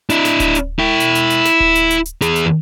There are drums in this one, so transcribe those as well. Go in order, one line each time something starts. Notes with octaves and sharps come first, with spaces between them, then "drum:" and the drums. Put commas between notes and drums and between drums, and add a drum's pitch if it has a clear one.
D4 E4, drum: hi-hat
drum: snare
drum: kick D1, hi-hat
drum: hi-hat
E4 G5
drum: hi-hat
drum: hi-hat
drum: hi-hat
drum: snare
drum: kick D1
drum: hi-hat
drum: hi-hat
drum: hi-hat
E2 G#4, drum: hi-hat
drum: hi-hat